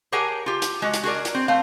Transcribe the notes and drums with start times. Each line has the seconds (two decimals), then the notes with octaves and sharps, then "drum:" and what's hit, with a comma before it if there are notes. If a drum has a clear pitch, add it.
0.12 G4 G#4 A#4 C#5 F#5 G#5
0.46 F4 G4
0.62 drum: hi-hat
0.82 G#3 F#4
0.94 drum: hi-hat
1.03 F#4 G#4 A#4 D5
1.25 drum: hi-hat
1.34 C4
1.48 A3 C4 F5